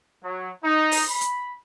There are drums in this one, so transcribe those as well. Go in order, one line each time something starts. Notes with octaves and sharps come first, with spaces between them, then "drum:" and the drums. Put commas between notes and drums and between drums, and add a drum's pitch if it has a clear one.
F#3
D#4
drum: open hi-hat
B5
drum: hi-hat